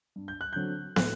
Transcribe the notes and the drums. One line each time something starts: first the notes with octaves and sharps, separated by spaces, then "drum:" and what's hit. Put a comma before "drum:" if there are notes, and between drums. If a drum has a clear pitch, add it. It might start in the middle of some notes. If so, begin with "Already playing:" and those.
G2
G6
F#6
D3 F#3 C4 G6
A2 F#6, drum: snare